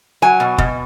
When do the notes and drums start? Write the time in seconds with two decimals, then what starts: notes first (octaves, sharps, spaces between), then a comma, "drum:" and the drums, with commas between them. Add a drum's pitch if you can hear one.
0.22 F#3 G#5
0.40 B2
0.58 B2, drum: kick